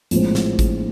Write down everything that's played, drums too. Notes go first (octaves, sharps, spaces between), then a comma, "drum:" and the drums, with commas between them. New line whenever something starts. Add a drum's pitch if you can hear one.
A#1 A2 F3 G#3 C4, drum: hi-hat
drum: snare
drum: kick G#1, hi-hat